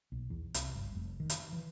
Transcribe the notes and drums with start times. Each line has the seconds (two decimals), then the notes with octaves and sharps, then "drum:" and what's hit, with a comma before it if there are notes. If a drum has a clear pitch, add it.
0.12 B1
0.30 E2
0.54 C2, drum: hi-hat
0.75 G1
0.95 F1
1.20 D#3
1.30 drum: hi-hat
1.53 E3